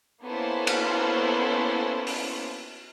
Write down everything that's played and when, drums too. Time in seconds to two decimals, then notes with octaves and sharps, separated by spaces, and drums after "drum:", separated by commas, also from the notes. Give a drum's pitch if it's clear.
0.24 A#3 B3 C#4 E4 A4 C5
0.67 drum: cymbal
2.07 drum: open hi-hat